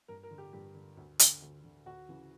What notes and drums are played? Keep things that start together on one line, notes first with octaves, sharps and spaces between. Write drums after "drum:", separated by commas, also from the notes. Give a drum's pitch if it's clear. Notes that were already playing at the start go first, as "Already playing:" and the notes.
G2 A#4
A#4
D3
G4
G2 G4
D3
D2
D3, drum: hi-hat
D2
D3
D2 F#4
C#3 E3